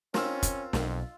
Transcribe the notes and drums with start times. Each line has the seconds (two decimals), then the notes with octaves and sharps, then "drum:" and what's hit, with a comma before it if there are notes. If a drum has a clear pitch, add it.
0.14 C4 C#4 F4 A#4 E6, drum: snare
0.43 drum: kick, hi-hat
0.73 B1 F2, drum: snare